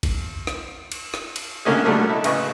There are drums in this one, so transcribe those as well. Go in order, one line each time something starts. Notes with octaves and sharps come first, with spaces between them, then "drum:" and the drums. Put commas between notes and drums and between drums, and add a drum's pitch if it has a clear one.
drum: kick, cymbal
drum: rim click
drum: cymbal
drum: rim click
drum: cymbal
C2 D3 A#3 C#4 G#4
B2 D3 F#3 G3 A3 A#3
E4 A4 D#5
A1 C#3 B4 D#5 C#6, drum: cymbal